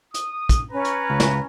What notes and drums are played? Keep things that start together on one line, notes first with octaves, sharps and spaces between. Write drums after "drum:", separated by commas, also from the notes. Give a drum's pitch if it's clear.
D#6, drum: hi-hat
drum: kick, hi-hat
C#4 B4 A#5
drum: hi-hat
C#2
drum: snare